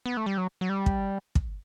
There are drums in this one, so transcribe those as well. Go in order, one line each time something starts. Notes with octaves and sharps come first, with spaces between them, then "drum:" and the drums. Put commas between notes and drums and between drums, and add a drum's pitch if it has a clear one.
B3
A3
G3
F#3
F#3
G3
drum: kick
drum: kick